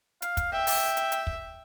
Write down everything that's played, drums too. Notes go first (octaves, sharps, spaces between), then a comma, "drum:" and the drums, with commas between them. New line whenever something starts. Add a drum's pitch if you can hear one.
F5, drum: hi-hat
drum: kick, hi-hat
E5 G5
drum: open hi-hat
drum: hi-hat
drum: hi-hat
drum: kick